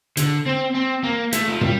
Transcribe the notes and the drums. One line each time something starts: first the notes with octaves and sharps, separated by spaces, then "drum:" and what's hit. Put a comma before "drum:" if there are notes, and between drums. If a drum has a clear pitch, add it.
D3, drum: hi-hat
C4
C4
A#3
A3, drum: hi-hat
F3
G3, drum: tom